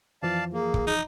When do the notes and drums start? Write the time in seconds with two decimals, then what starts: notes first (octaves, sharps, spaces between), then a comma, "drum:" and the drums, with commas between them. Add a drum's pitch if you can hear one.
0.23 F2 E3 F3 D5 F5 A5
0.53 A#3 G#4
0.74 drum: kick
0.87 D#4